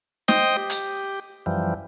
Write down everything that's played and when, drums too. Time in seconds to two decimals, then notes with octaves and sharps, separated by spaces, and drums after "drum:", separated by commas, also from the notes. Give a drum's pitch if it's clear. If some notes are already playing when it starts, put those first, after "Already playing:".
0.28 C5 D#5 G5 D#6, drum: snare
0.57 G4
0.70 drum: hi-hat
1.46 F#2 E3 F3 G3